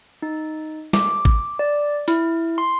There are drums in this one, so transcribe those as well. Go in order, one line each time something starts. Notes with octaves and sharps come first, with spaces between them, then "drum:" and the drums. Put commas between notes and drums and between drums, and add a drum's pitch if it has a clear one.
D#4
D6, drum: snare
drum: kick G#1
D5
E4, drum: hi-hat
C6